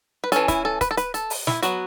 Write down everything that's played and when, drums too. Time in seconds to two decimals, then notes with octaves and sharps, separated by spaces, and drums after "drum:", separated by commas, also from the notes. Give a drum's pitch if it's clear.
0.24 B4
0.32 E3 C#4 A4, drum: hi-hat
0.48 E4, drum: kick, hi-hat
0.65 A4
0.81 B4, drum: kick, hi-hat
0.91 A4
0.97 B4, drum: hi-hat
1.14 A4, drum: hi-hat
1.30 drum: open hi-hat
1.47 E4, drum: snare
1.62 F#3 B3 F#4, drum: hi-hat